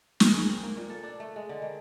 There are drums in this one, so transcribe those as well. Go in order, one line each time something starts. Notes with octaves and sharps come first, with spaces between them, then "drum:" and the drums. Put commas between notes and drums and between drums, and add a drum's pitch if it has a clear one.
A#4, drum: snare
G#4
C4
A#3
A#2
A4
D4
A3
G#3
D3
D#3